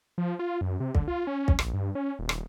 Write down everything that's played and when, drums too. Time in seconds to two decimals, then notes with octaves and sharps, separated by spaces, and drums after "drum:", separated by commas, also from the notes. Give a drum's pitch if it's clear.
0.18 F3
0.39 F4
0.61 F#2
0.80 C3
0.95 D3, drum: kick
1.08 F4
1.27 C#4
1.48 drum: kick
1.59 A#1, drum: rim click
1.74 G2
1.95 C#4
2.19 D#1
2.29 drum: rim click